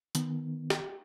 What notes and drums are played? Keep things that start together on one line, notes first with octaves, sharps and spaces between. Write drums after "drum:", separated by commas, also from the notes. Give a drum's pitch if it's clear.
D#3 B3, drum: hi-hat
drum: snare